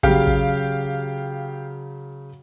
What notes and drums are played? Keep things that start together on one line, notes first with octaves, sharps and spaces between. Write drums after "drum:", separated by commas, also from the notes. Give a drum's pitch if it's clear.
C#3 F#3 G4 F5, drum: kick
drum: kick